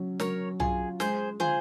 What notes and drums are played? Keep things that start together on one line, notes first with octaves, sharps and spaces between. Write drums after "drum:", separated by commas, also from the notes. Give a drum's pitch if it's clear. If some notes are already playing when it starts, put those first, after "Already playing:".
Already playing: F#3 C#4
F#3 A#4 C#5, drum: snare
F4 G#4, drum: tom
G#3 G#4 C5, drum: snare
F4 G#4 C5, drum: tom